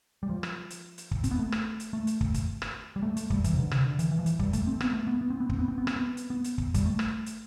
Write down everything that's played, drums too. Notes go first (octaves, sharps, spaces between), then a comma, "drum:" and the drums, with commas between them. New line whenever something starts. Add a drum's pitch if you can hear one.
G3
F3
drum: rim click
drum: hi-hat
drum: hi-hat
drum: kick
C4, drum: kick, hi-hat
B3
A3
drum: rim click
drum: hi-hat
A3
drum: hi-hat
drum: kick
drum: kick, hi-hat
drum: rim click
G3
A3
A3, drum: hi-hat
G3, drum: kick
E3, drum: kick, hi-hat
C3
D3
C3, drum: rim click
D3
E3, drum: hi-hat
E3
F3
E3, drum: hi-hat
G3, drum: kick
A3, drum: kick, hi-hat
C4
B3, drum: rim click
A3
B3
B3
C4
B3
C4, drum: kick
B3
C4
B3
C4, drum: rim click
B3
drum: hi-hat
B3
drum: hi-hat
drum: kick
G3, drum: kick, hi-hat
A3
drum: rim click
drum: hi-hat